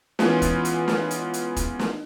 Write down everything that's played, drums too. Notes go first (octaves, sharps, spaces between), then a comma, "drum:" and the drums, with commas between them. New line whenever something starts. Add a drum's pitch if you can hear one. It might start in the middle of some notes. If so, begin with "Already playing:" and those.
E3 G#3 B3 C#4 F4, drum: snare
drum: kick, hi-hat
drum: hi-hat
drum: snare
drum: hi-hat
drum: hi-hat
drum: kick, hi-hat
drum: snare